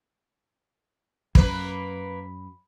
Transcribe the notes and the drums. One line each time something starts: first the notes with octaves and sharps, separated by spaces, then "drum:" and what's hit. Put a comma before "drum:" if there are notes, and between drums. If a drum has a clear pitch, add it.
F#2 A#3 B4 B5, drum: kick